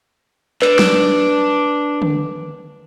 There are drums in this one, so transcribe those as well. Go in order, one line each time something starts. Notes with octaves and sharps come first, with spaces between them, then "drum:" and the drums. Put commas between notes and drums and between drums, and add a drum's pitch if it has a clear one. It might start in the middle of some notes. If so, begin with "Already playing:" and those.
D4 B4, drum: clap
drum: snare
drum: tom D3